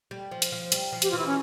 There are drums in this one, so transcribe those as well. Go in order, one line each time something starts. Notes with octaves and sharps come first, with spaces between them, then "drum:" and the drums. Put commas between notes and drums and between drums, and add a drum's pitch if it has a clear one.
G3
F3
drum: hi-hat
F3
G3, drum: hi-hat
F3
G4, drum: hi-hat
F4
E3 E4
C#4